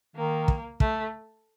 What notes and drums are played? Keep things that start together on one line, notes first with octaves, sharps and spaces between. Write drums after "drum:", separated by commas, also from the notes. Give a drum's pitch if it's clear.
D#3 A#3
drum: kick
A3, drum: kick